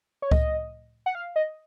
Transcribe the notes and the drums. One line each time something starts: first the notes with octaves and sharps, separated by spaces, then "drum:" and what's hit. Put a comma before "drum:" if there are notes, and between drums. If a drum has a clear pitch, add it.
C#5
D#5, drum: kick C#2
F#5
F5
D#5